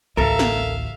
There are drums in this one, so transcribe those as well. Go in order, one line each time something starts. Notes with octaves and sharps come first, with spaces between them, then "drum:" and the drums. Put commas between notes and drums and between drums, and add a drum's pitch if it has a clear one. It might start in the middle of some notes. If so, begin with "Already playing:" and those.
A1 D2 A4 A#4 E5 F5
drum: snare